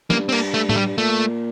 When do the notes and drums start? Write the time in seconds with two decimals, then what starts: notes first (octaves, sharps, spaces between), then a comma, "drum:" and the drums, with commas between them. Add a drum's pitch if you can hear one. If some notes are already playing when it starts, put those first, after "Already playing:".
0.10 G2 A#3, drum: snare
0.29 C4
0.32 A#3, drum: cymbal
0.54 A3
0.69 A3, drum: tom A2
0.76 G3
0.98 A#2 A3